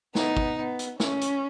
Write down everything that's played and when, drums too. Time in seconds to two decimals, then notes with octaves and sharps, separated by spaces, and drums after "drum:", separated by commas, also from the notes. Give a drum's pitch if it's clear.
0.15 B3 D#4, drum: snare
0.37 drum: kick
0.58 B3
0.79 drum: hi-hat
1.00 C#4, drum: snare
1.21 drum: hi-hat